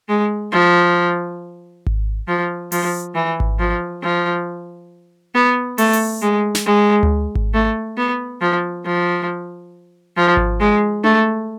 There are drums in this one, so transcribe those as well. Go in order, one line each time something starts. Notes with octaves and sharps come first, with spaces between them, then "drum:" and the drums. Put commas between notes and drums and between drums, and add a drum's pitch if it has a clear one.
G#3
F3
drum: kick G#1
F3
F3, drum: open hi-hat
E3
drum: kick G#1
F3
F3
B3
A3, drum: open hi-hat
drum: open hi-hat
G#3
drum: snare
G#3
drum: tom D2
drum: kick G#1
A3
B3
F3
F3
F3
drum: kick G#1
G#3
A3, drum: tom D4